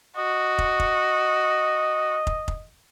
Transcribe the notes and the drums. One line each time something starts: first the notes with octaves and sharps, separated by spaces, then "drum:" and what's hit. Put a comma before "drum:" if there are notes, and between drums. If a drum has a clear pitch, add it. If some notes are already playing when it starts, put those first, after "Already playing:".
F#4 D#5
drum: kick
drum: kick
drum: kick
drum: kick